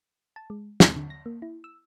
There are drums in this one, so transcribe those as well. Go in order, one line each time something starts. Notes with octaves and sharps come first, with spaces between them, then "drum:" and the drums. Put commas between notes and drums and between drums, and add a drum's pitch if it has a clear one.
A5
G#3
C4, drum: snare
D3
A#6
A#3
E4
E6